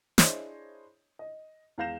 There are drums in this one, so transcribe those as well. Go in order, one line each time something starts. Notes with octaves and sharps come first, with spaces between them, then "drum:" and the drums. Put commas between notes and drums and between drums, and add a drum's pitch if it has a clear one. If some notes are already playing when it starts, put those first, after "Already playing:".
D4 E4 G#4 C5 C#5 D#5, drum: snare
D#5
E2 G#3 F5 G6 A#6 E7